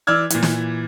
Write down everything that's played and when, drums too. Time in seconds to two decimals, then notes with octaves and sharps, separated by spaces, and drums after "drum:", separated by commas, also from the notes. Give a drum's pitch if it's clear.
0.07 E3 D5 E6 F6 G#6
0.30 A#2 E3, drum: hi-hat
0.43 drum: snare